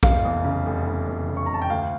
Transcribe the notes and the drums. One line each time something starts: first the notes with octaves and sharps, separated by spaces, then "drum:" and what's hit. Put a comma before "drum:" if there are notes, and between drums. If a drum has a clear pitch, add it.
F1 F5, drum: kick
E2
C#3
F1
F1
E2
C#3
C#6
A#5
F1 A5
G5
D2 F5